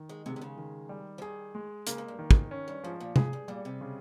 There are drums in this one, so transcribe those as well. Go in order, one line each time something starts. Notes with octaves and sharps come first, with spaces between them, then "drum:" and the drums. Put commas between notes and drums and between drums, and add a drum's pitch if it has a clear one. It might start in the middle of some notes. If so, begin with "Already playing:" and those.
Already playing: D#3
G#3
C3 G#3
C3
C#3
D#3
G3
F3
D#3 G#4
G#3
C#3 A#3, drum: hi-hat
G#2
G2
D#3
G#2, drum: kick
C#4
G2
G#2 F3
A#2
A#2 G#4, drum: tom
G2
A#2 G3
C3
C#3